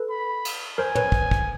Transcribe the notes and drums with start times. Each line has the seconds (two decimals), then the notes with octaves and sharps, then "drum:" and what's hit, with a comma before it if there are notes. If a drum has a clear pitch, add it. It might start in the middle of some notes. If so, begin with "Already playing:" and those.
Already playing: A4 B4
0.09 B5
0.45 drum: cymbal
0.78 A#4 C5 G#5
0.95 B4 C#5, drum: tom
1.12 drum: kick
1.31 drum: kick